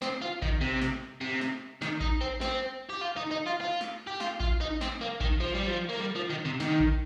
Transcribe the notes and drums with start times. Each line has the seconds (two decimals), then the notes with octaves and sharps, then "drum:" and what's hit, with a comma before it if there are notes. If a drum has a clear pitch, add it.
0.02 C4, drum: snare
0.22 F4
0.42 D#3, drum: kick A1
0.61 C3
0.82 drum: snare
1.21 C3
1.41 drum: snare
1.82 D#3, drum: snare
2.01 D#4, drum: kick A1
2.21 C4
2.41 C4, drum: snare
2.90 G4
3.01 F4
3.17 D#4
3.31 D#4
3.46 F4
3.60 F4
3.81 drum: snare
4.07 G4
4.20 F4, drum: snare
4.40 F4, drum: kick A1
4.61 D#4
4.81 C4, drum: snare
5.01 A#3
5.21 D#3, drum: kick A1
5.40 F3
5.55 G3
5.67 F3
5.89 A#3
6.00 G3
6.15 F3
6.30 D#3
6.45 C3
6.60 D#3, drum: snare
6.80 drum: kick A1